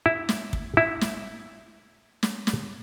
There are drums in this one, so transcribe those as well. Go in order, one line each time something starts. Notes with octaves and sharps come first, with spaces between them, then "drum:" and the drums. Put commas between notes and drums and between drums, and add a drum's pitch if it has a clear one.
E4
drum: snare
drum: kick
E4
drum: snare
drum: snare
drum: snare